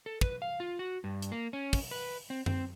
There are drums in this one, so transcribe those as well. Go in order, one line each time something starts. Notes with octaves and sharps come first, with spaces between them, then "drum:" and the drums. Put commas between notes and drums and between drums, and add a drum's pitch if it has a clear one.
A4
B4, drum: kick
F5
F4
F#4
G2
drum: hi-hat
A#3
C#4
drum: kick, open hi-hat
B4
C4
C4, drum: tom F#2